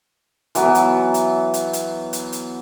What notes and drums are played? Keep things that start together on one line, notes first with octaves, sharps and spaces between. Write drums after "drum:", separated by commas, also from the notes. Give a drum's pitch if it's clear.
E3 F#3 B3, drum: hi-hat
drum: hi-hat
drum: hi-hat
drum: hi-hat
drum: hi-hat
drum: hi-hat
drum: hi-hat